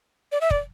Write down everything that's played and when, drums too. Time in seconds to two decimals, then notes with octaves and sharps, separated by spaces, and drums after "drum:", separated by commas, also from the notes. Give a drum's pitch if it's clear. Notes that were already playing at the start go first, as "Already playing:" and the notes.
0.32 D5
0.41 E5
0.51 D5, drum: kick